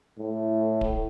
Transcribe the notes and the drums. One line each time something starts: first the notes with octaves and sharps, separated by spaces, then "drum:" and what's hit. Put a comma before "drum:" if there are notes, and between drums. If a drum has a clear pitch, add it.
A2
drum: kick D1